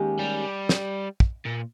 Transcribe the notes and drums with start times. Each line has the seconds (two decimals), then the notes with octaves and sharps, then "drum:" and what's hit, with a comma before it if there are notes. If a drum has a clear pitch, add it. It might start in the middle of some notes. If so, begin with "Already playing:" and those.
Already playing: D#2 D#3 G#3 C#4 G4
0.19 G3
0.69 drum: snare
1.20 drum: kick
1.46 A#2